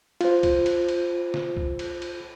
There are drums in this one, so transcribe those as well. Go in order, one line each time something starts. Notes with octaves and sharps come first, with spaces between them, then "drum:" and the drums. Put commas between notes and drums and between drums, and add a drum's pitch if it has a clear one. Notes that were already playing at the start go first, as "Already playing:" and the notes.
F4 C5, drum: cymbal
drum: kick, cymbal
drum: cymbal
drum: cymbal
drum: snare
drum: kick
drum: cymbal
drum: cymbal